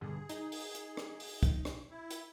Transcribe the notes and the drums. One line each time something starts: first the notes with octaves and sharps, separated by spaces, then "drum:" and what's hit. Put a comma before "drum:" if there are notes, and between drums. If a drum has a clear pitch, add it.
B1 G2 D3 G#4
D#4, drum: hi-hat
drum: open hi-hat
drum: hi-hat
drum: rim click
drum: open hi-hat
drum: kick, hi-hat
drum: rim click
E4
drum: hi-hat